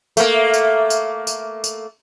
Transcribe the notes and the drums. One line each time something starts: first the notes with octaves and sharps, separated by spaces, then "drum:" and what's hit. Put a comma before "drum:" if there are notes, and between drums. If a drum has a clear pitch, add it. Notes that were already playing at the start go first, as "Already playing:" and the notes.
A3 A#3, drum: tambourine
drum: tambourine
drum: tambourine
drum: tambourine
drum: tambourine